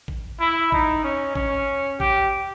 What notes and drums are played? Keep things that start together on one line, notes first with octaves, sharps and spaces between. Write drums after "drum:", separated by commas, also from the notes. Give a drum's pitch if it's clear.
drum: kick A1
E4
D#4, drum: kick A1
C#4
C#4, drum: kick A1
G4, drum: kick A1